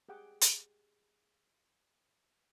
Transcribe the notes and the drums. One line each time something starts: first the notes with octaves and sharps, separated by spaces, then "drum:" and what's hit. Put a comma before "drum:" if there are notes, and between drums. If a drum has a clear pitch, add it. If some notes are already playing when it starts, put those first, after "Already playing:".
G4 G#4 F#5 G5 D6
drum: hi-hat